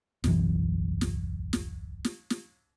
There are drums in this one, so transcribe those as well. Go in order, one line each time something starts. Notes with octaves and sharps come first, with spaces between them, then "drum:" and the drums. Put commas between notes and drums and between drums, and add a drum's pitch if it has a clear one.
D1 B1 F#2 E3, drum: snare
drum: snare
drum: snare
drum: snare
drum: snare